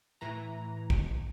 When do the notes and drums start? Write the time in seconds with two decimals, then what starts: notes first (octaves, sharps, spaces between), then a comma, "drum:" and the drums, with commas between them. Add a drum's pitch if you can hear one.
0.21 A2 E3 A#5
0.90 drum: kick